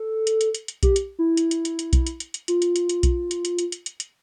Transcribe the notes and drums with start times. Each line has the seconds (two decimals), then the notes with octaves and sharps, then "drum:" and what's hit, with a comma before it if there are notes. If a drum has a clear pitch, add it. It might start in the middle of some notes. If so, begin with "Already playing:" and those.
Already playing: A4
0.27 drum: hi-hat
0.41 drum: hi-hat
0.55 drum: hi-hat
0.68 drum: hi-hat
0.83 G4, drum: kick B1, hi-hat
0.96 drum: hi-hat
1.19 E4
1.37 drum: hi-hat
1.51 drum: hi-hat
1.65 drum: hi-hat
1.79 drum: hi-hat
1.93 drum: kick B1, hi-hat
2.07 drum: hi-hat
2.20 drum: hi-hat
2.34 drum: hi-hat
2.48 F4, drum: hi-hat
2.62 drum: hi-hat
2.76 drum: hi-hat
2.89 drum: hi-hat
3.03 drum: kick B1, hi-hat
3.31 drum: hi-hat
3.45 drum: hi-hat
3.59 drum: hi-hat
3.72 drum: hi-hat
3.86 drum: hi-hat
4.00 drum: hi-hat